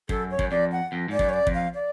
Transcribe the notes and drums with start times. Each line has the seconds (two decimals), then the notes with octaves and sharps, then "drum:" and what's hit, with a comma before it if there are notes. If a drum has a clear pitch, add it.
0.09 F#2 A4, drum: kick
0.31 C#5
0.39 F#2, drum: kick
0.51 F2 D5
0.72 F#5
0.92 F2
1.08 G#2 D5
1.19 F#2, drum: kick
1.29 C#5
1.33 D5
1.47 F2, drum: kick
1.54 F5
1.74 D5